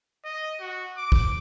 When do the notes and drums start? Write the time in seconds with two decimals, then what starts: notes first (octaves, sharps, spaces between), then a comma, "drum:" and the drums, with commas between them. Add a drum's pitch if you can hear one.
0.25 D#5
0.60 F#4
0.97 D6
1.12 drum: kick